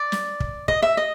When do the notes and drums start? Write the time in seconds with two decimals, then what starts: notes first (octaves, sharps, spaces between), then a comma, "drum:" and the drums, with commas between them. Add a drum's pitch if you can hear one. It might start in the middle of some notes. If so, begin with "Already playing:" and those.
Already playing: D5
0.12 drum: snare
0.40 drum: kick
0.68 D#5, drum: kick
0.82 E5
0.97 D#5